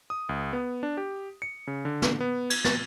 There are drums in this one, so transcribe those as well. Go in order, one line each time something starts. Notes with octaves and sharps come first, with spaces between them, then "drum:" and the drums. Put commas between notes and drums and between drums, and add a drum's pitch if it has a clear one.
D#6
C#2
B3
D4
G4
C#7
C#3
D3
drum: snare
B3
G#6, drum: cymbal
A6, drum: snare